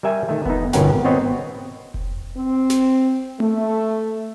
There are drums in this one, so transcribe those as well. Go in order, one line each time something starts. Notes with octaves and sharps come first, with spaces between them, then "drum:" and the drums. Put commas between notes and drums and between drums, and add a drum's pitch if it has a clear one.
G3 A#4 E5 G#5
D#3 A3
B3 D#4, drum: kick F1
G1 B2 C#4 A#4 F#5 G5, drum: snare
G#1
B3 C4 C#5 D#5
drum: kick F1
C4
drum: snare
A3, drum: tom A3